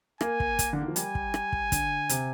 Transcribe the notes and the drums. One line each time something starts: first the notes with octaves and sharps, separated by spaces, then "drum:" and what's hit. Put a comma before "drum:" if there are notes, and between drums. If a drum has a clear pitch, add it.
A#3 G#5, drum: rim click
drum: kick
drum: kick, hi-hat
D3
D#3
F3
G3 G#5, drum: hi-hat
drum: kick
drum: rim click
drum: kick
D3, drum: kick, hi-hat
C3, drum: hi-hat